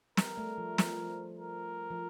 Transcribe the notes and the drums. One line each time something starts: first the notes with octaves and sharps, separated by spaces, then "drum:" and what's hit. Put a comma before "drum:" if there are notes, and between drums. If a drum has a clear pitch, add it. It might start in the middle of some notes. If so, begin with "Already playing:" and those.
G3 A#4, drum: snare
A3
F3
F3, drum: snare
A#4
F3